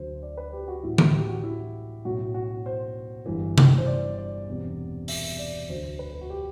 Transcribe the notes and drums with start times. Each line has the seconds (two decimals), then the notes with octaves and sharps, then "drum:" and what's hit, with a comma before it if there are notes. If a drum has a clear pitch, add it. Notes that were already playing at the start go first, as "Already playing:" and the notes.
Already playing: D2 D3 F#3 C5
0.23 D5
0.37 B4
0.53 G4
0.68 F#4
0.83 A1 A2 F#3 E4
0.98 F#4, drum: tom
1.14 G4
1.29 F#4
1.44 E4
2.05 B1 A2 F#3 F#4
2.34 F#4
2.66 C5
3.26 G1 G2 E3
3.58 drum: tom C3
3.78 C5
3.87 D5
4.18 D5
4.47 E1 E2 C3
5.08 E5, drum: open hi-hat
5.39 D5
5.69 D2 D3 F#3 C5
5.99 B4
6.21 F#4
6.30 G4